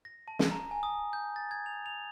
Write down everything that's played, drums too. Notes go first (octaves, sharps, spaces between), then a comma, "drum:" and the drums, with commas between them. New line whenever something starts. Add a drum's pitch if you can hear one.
A#6
A5
drum: snare
A#5
G#5
D#6
G6
A6
G#6
F7
F7